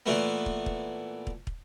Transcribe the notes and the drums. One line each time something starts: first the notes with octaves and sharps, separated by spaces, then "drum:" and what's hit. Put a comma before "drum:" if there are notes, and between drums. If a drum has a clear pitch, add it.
A#2 E3 A3 B3
drum: kick
drum: kick
drum: kick
drum: kick